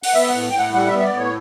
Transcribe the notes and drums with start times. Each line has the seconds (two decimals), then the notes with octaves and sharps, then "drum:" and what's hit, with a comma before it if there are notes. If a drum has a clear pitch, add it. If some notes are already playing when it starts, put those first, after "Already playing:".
0.03 F#5, drum: open hi-hat
0.13 B3 E5
0.29 A2 F#5
0.50 A2 G5
0.58 F#5
0.73 G3 F#5
0.87 E5
0.93 B3
0.99 E5
1.03 D5
1.13 A2 C#5